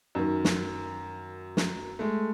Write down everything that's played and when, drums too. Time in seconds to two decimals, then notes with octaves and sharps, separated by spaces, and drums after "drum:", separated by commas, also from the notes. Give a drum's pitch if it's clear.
0.15 F#2 D#3
0.44 drum: snare
1.57 drum: snare
1.99 G#3 A3